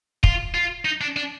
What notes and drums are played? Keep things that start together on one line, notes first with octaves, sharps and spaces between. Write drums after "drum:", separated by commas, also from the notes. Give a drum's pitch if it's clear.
F4, drum: kick
F4
D#4
D4
D4